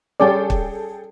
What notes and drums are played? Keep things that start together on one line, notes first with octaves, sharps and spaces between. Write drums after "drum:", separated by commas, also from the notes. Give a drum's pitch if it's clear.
G3 C#4 G#4 A4 D5 G5
drum: kick